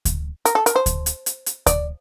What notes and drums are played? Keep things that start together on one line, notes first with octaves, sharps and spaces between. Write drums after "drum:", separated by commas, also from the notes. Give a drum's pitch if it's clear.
drum: kick D2, hi-hat
A#4, drum: hi-hat
A4
A#4, drum: hi-hat
C5
drum: kick D2, hi-hat
drum: hi-hat
drum: hi-hat
drum: hi-hat
D5, drum: kick D2, hi-hat